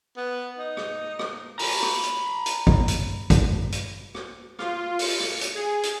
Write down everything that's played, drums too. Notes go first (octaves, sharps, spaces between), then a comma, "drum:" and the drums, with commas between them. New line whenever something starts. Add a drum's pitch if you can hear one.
B3
D#4
drum: rim click
drum: rim click
A#5 B5, drum: open hi-hat
drum: rim click
drum: hi-hat
drum: hi-hat
drum: kick G#1
drum: hi-hat
drum: kick G#1, hi-hat
drum: hi-hat
drum: rim click
F4, drum: rim click
C#7, drum: open hi-hat
drum: rim click
drum: hi-hat
G#4
drum: hi-hat